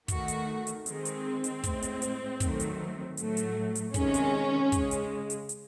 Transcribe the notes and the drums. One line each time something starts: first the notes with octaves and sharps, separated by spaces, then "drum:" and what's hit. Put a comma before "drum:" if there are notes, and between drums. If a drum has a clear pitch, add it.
D#3 A3 F#4, drum: kick, hi-hat
drum: hi-hat
drum: hi-hat
D#3 G#3 C4, drum: hi-hat
drum: hi-hat
drum: hi-hat
A2 G#3, drum: kick, hi-hat
drum: hi-hat
drum: hi-hat
D#3 F#3 A3, drum: kick, hi-hat
drum: hi-hat
A2 F#3 A3, drum: hi-hat
drum: hi-hat
drum: hi-hat
C3 D#3 G#3 C#4, drum: kick, hi-hat
drum: hi-hat
C#3 G#3, drum: kick, hi-hat
drum: hi-hat
drum: hi-hat
drum: hi-hat